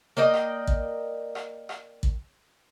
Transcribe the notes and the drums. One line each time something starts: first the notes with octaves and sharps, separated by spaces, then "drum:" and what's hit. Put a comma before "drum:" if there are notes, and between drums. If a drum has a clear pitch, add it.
A#3 D5 D#5 G5
drum: rim click
drum: kick
drum: rim click
drum: rim click
drum: kick